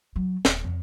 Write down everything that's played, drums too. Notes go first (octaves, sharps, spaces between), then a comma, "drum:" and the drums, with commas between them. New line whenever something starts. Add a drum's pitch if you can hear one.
F#3
D#1, drum: snare
F2